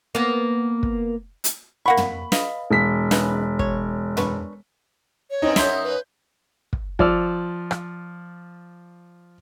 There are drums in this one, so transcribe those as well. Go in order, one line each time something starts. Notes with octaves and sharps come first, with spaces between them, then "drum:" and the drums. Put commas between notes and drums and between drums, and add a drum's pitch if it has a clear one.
A#3 B3
drum: kick
drum: hi-hat
A#3 F#5 B5 C#6
drum: tom
B4 D#5 F5, drum: snare
E1 B6
C#3 D#4 B4, drum: snare
C#5, drum: kick
D4 B4 C#6, drum: tom
C#5
F#2 C4 C#4 D#4 B4
F#2 D#4 E5 C6 G6, drum: snare
B4
drum: kick
F3 D5 E6 F6, drum: kick
drum: rim click